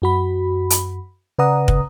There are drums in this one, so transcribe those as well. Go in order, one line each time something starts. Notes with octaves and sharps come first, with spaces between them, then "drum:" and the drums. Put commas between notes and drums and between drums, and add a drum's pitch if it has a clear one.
F#2 F#4 B5
drum: hi-hat
C#3 B4 D5 F#5 A#5 D#6
drum: kick